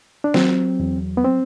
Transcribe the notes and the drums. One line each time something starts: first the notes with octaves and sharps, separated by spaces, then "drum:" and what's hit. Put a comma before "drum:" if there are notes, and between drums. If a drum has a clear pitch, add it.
D4
F#3 C4, drum: snare
E2
B3
C4